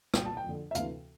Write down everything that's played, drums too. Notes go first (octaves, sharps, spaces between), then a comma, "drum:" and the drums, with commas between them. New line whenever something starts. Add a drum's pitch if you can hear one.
C2 A#2 G5, drum: rim click
A5
G5
F2 D3
E5
D2 C3 E3 F5, drum: hi-hat